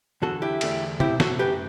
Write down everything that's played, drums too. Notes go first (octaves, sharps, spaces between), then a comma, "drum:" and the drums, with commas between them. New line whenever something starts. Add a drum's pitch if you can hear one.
E2 D3 F#3 F#4 A4
E4 G4
E2 D3 A3 D4, drum: cymbal
B2 A3 C4 E4 G4, drum: tom
F#4 A4, drum: snare
F#2 F#3 A3 G4 B4